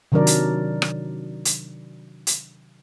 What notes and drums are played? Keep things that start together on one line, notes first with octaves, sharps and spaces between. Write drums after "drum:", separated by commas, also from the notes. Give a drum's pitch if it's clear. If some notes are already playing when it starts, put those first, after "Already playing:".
C3 D#3 F#3 D4 A#4 D5
drum: hi-hat
drum: rim click
drum: hi-hat
drum: hi-hat